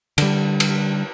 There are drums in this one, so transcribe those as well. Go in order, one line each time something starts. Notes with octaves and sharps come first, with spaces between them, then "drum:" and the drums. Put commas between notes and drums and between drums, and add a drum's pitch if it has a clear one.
D3 G3, drum: cymbal
drum: cymbal